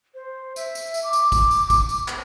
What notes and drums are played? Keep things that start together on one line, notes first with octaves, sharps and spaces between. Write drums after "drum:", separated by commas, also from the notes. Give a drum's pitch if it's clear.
C5
E5, drum: tambourine
drum: tambourine
drum: tambourine
D6
drum: tambourine
drum: kick, tambourine
drum: tambourine
drum: kick, tambourine
drum: tambourine
drum: clap